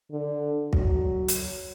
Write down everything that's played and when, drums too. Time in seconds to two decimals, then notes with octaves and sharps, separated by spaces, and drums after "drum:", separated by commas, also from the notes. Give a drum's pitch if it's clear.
0.11 D3
0.73 F#3, drum: kick
1.28 drum: hi-hat